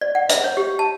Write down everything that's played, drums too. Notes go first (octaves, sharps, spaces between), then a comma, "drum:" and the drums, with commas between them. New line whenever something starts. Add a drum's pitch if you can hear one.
D5
F#5
E5, drum: hi-hat
C#5
G4
A5